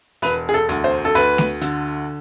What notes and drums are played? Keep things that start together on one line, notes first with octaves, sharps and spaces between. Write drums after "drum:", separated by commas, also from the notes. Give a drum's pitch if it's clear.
E1 B4, drum: open hi-hat
G#4
A4
D2, drum: hi-hat
C5
A4
D2 B4, drum: hi-hat
drum: snare A3
D3, drum: hi-hat